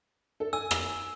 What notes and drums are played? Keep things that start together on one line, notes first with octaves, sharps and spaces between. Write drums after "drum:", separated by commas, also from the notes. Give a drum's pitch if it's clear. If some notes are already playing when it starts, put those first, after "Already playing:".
A4
G#5 E6
drum: rim click